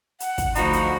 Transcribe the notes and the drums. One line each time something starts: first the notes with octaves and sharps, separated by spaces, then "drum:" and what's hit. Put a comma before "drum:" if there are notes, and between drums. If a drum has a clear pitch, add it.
F#5, drum: hi-hat
drum: kick, hi-hat
D2 F3 D#4 F#4 B5, drum: hi-hat
drum: hi-hat